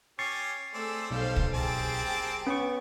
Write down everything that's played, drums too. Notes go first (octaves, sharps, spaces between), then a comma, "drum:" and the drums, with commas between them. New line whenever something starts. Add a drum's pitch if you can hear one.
C#4 G4 C#6 A6 C7
A3 C4 G#4 D5 E6
B1 G3 A4 C5 F5
drum: kick
A#3 C4 G4 G#4 A5 D7
B3 C#4 C#6